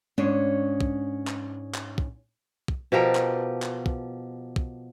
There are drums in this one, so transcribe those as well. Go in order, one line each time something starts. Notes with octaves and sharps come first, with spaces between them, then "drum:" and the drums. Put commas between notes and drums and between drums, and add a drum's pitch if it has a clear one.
G#2 C#4 D4 C#5
drum: kick
drum: clap
drum: clap
drum: kick
drum: kick
B2 F3 G4 A#4
drum: clap
drum: clap
drum: kick
drum: kick